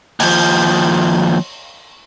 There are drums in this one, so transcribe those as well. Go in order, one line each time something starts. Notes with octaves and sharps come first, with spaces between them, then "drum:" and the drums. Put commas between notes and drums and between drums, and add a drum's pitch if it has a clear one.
D#2 F3, drum: open hi-hat